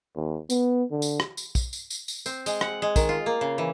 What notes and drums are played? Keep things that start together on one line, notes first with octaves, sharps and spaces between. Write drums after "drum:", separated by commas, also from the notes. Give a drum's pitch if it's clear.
D#2
B3, drum: tambourine
D3
drum: tambourine
drum: rim click
drum: tambourine
drum: kick, tambourine
drum: tambourine
drum: tambourine
drum: tambourine
C4, drum: tambourine
G#3, drum: tambourine
F#5, drum: rim click
G#3
D#3, drum: kick, tambourine
F4
A#3
C#3
E3